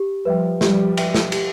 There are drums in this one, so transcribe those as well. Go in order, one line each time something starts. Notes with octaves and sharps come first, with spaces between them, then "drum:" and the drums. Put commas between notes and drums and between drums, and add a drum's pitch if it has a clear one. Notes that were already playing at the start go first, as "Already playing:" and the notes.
Already playing: G4
F3 G3 B4 E5 G5
F3 G3 G4, drum: snare
B4 E5 G5, drum: cymbal
drum: snare
G4, drum: cymbal